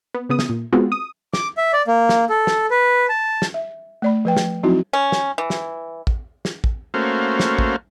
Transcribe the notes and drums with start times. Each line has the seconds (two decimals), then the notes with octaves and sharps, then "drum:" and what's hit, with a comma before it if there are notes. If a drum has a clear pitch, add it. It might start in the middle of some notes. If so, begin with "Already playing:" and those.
0.14 B3
0.29 C#3 B3 D#6
0.39 drum: snare
0.49 A#2
0.73 G#3 B3 C4 F4 F#4
0.92 D#6
1.33 D6, drum: snare
1.57 E5
1.73 D5
1.87 A#3
2.09 drum: snare
2.30 A4
2.47 drum: snare
2.71 B4
3.09 A5
3.42 drum: snare
3.54 E5
4.02 A3 D5 B5
4.25 F3 B4 G5
4.37 drum: snare
4.63 F3 F#3 C4 D#4 E4 F#4
4.93 C#4
5.12 drum: snare
5.38 E3
5.50 drum: snare
6.07 drum: kick
6.45 drum: snare
6.64 drum: kick
6.94 A3 A#3 C#4 F#4 C5 F5
7.40 drum: snare
7.58 drum: kick